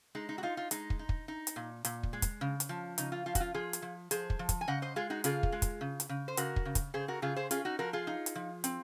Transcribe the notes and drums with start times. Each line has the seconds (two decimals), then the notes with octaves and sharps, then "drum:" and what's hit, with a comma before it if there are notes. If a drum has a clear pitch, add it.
0.15 G#3 D#4
0.29 D#4
0.38 F#4
0.43 D#4 F4
0.57 F4
0.71 G#3 D#4, drum: hi-hat
0.90 drum: kick
0.99 D#4
1.09 drum: kick
1.28 D#4
1.47 drum: hi-hat
1.56 A#2
1.85 A#2, drum: hi-hat
2.03 drum: kick
2.13 G#3
2.22 drum: kick, hi-hat
2.41 C#3
2.60 drum: hi-hat
2.69 F3
2.98 C#3 D#4, drum: hi-hat
3.12 F4
3.26 F3 F4
3.35 F#4, drum: kick, hi-hat
3.40 F4
3.54 F3 F4 G#4
3.73 drum: hi-hat
3.82 F3
4.11 F3 G#4 C5, drum: hi-hat
4.30 drum: kick
4.39 F3
4.49 drum: kick, hi-hat
4.61 G#5
4.68 C#3 D#5 F#5
4.82 C5 D#5
4.96 G#3 F4 G#4
5.10 D#4 F#4
5.24 C#3 F4 G#4, drum: hi-hat
5.43 drum: kick
5.52 G#3
5.62 drum: kick, hi-hat
5.81 C#3
6.00 drum: hi-hat
6.09 C#3
6.28 C5
6.37 C#3 F#4 A#4, drum: hi-hat
6.56 drum: kick
6.65 C#3
6.75 drum: kick, hi-hat
6.94 C#3 G#4 C5
7.08 F#4 A#4
7.22 C#3 F4 G#4
7.36 G#4 C5
7.51 C#4 F4 G#4, drum: hi-hat
7.65 D#4 F#4
7.79 F3 F#4 A#4
7.93 F4 G#4
8.07 D#4
8.26 drum: hi-hat
8.35 F3
8.64 C4, drum: hi-hat